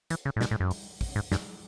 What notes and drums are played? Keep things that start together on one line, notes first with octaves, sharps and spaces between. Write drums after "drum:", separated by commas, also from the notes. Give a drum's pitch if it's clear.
E3, drum: hi-hat
C#3
A2
B2, drum: snare
A2
F#2
drum: open hi-hat
drum: kick, open hi-hat
G#2
F#2, drum: snare